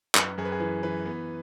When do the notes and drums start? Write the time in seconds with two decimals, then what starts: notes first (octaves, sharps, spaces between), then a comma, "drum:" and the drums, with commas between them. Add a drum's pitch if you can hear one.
0.15 F#2 B4, drum: clap
0.38 F#2 G#4
0.45 B4
0.52 G#4
0.60 E3 B4
0.83 E3 B4
1.06 B3